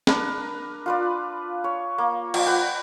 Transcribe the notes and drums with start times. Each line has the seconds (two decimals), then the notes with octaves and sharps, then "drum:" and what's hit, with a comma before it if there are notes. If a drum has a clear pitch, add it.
0.07 D4 A#4 B4, drum: snare
0.86 F4 B4 D5
1.64 C#5
1.98 A#3
2.34 F3, drum: cymbal
2.46 B4 F#5 G5